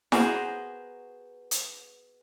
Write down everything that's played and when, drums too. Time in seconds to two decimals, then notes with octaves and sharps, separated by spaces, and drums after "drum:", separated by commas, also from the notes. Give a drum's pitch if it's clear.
0.12 B3 F#4 G#4 A#4 C5, drum: snare E4
1.51 drum: hi-hat